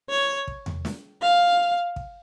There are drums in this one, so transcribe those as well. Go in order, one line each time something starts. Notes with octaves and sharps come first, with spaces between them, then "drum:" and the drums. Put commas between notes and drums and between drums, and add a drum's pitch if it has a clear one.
C#5
drum: kick
drum: tom E2
drum: snare
F5
drum: kick